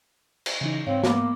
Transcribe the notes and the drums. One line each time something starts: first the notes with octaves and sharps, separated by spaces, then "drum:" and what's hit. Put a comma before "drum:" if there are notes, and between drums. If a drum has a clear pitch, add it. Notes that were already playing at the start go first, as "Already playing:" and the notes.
drum: cymbal
C#3 E3 D#4
G#2 C4 C#5 F5
A#3 B3 D6, drum: snare